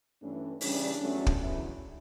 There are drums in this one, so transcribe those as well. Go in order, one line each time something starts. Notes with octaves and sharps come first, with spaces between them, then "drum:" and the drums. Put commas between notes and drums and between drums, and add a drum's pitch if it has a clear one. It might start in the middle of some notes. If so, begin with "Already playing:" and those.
G2 E3 A3 C#4 D4
C#3 E3 G3 C#4 D4, drum: open hi-hat
E2 D3 F#3 A3 C#4
drum: kick
E2 C#3 E3 F#3 E4